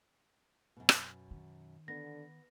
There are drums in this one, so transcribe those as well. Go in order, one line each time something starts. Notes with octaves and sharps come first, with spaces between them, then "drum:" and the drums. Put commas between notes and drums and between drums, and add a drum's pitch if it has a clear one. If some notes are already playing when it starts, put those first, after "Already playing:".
F#2 B2
drum: rim click
D#3
D3 B3 A#6